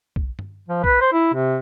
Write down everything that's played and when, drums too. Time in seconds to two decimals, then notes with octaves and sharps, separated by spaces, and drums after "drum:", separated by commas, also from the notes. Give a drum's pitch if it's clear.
0.16 drum: kick
0.39 drum: tom G2
0.68 F3
0.84 B4, drum: kick
1.01 C5
1.13 E4
1.34 C3